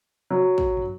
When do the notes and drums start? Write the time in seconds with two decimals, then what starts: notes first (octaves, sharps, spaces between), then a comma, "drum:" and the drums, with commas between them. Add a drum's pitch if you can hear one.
0.31 F#3
0.58 drum: kick
0.77 drum: tom